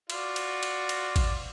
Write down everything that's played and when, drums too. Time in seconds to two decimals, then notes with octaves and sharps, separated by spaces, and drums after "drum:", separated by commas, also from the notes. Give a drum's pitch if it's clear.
0.10 F4 F#4 D5, drum: cymbal
0.36 drum: cymbal
0.63 drum: cymbal
0.89 drum: cymbal
1.16 drum: kick A1, cymbal